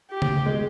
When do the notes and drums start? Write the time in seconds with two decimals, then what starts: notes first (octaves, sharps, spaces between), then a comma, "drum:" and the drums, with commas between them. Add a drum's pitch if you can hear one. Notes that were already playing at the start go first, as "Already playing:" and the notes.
0.11 G4
0.22 drum: tom C#3
0.46 G#3